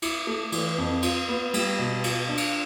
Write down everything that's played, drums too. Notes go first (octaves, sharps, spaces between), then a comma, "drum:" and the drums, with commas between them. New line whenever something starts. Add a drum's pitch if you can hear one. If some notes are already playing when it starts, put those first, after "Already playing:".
E4, drum: cymbal
A3
E3, drum: cymbal
F2
F4, drum: cymbal
B3
G3, drum: cymbal
B2
F4, drum: cymbal
D4
drum: cymbal